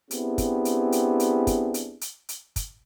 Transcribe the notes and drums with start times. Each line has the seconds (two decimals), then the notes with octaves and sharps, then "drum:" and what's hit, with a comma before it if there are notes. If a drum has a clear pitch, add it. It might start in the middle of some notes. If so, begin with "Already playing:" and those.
0.11 B3 C4 D4 E4 G4 G#4, drum: hi-hat
0.38 drum: kick, hi-hat
0.65 drum: hi-hat
0.92 drum: hi-hat
1.20 drum: hi-hat
1.47 drum: kick, hi-hat
1.74 drum: hi-hat
2.01 drum: hi-hat
2.29 drum: hi-hat
2.56 drum: kick, hi-hat